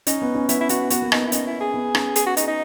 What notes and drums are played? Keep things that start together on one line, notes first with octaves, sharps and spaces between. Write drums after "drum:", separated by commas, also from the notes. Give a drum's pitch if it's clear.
C#4 D#4, drum: hi-hat
B3
C#4
B3 E4, drum: hi-hat
E4
B3 F#4, drum: hi-hat
B3 F#4, drum: hi-hat
A#3
B3 D#4, drum: rim click
E4
C#4 D#4, drum: hi-hat
E4
G#4
B3
C#4, drum: rim click
G#4, drum: hi-hat
F#4
D#4, drum: hi-hat
D#4